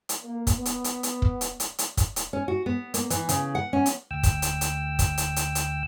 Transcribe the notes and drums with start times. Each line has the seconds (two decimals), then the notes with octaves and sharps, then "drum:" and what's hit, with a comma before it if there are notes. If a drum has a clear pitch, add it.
0.09 drum: hi-hat
0.24 A#3
0.47 drum: kick, hi-hat
0.56 B3
0.65 drum: hi-hat
0.84 drum: hi-hat
1.03 drum: hi-hat
1.22 drum: kick
1.41 drum: hi-hat
1.60 drum: hi-hat
1.78 drum: hi-hat
1.97 drum: kick, hi-hat
2.16 drum: hi-hat
2.33 C#4
2.48 F#4
2.66 B3
2.94 A#3, drum: hi-hat
3.10 E3, drum: hi-hat
3.29 C#3, drum: hi-hat
3.55 F#5
3.73 C#4
3.86 drum: hi-hat
4.11 D2 G5 E6
4.23 drum: kick, hi-hat
4.42 drum: hi-hat
4.61 drum: hi-hat
4.99 drum: kick, hi-hat
5.18 drum: hi-hat
5.36 drum: hi-hat
5.55 drum: hi-hat